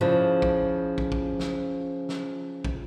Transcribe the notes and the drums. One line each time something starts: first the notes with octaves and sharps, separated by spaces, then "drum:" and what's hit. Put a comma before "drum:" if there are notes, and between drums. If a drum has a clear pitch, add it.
C#3 F3 D4 E4
drum: kick
drum: kick
drum: kick
drum: snare
drum: snare
drum: kick